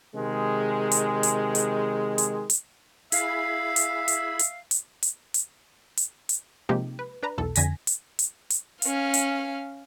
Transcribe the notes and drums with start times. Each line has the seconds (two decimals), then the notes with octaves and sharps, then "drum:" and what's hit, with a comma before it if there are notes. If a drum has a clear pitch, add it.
0.15 C3 D#3 G#3
0.91 drum: hi-hat
1.23 drum: hi-hat
1.55 drum: hi-hat
2.18 drum: hi-hat
2.50 drum: hi-hat
3.12 E4 G#4 E5 F5 B5, drum: hi-hat
3.76 drum: hi-hat
4.08 drum: hi-hat
4.39 drum: hi-hat
4.71 drum: hi-hat
5.03 drum: hi-hat
5.34 drum: hi-hat
5.97 drum: hi-hat
6.29 drum: hi-hat
6.69 C3 F3 G#3 A#3 D#4 G4
6.99 B4
7.23 D4 B4 A#5
7.38 B1 E2 A4
7.55 F2 D3 G#5 G#6 A#6 B6, drum: hi-hat
7.87 drum: hi-hat
8.19 drum: hi-hat
8.50 drum: hi-hat
8.82 C#4 F5, drum: hi-hat
9.14 drum: hi-hat